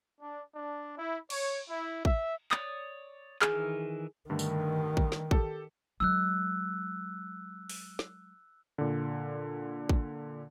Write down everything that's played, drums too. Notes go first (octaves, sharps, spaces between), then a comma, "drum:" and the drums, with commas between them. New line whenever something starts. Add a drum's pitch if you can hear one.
D4
D4
E4
C#5, drum: cymbal
E4
E5, drum: kick
C#5 D5 D#6, drum: clap
D#3 E3 G#4 F6, drum: clap
G2 D3 D#3 A3
drum: tambourine
drum: kick
drum: snare
G4 A4, drum: kick
F#3 G#3 E6 F#6
drum: open hi-hat
drum: snare
A#2 D3
drum: kick